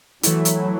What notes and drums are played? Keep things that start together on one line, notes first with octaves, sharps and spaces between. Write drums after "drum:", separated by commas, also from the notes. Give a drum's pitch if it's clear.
E3 F#3 A3 E4, drum: hi-hat
drum: hi-hat